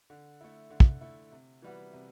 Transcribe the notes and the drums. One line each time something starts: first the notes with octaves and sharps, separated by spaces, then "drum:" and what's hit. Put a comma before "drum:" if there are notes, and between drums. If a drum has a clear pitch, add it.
D3
A3 E4
D3
drum: kick
A3 E4
C3
E3 G3 B3 F#4
C3